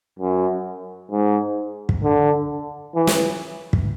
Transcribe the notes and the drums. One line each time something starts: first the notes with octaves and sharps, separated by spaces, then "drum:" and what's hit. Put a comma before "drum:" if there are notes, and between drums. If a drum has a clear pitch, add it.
F#2
G#2
drum: kick
D3
E3
drum: snare
drum: kick